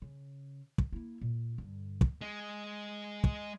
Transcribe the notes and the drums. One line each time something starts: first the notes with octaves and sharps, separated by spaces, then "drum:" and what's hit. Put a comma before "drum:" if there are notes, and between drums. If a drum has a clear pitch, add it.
C#3
drum: kick
A#3 E4
A#2
G2 D3
drum: kick
G#3
drum: kick